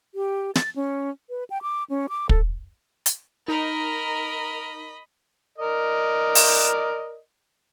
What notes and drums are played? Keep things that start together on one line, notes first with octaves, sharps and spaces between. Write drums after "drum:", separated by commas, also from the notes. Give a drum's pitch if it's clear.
G4
A6, drum: snare
C#4
B4
G5
D6
C#4
D6
A4, drum: kick
drum: hi-hat
D#4 A#4 D#5 B5
A#4 D5 D#5
drum: open hi-hat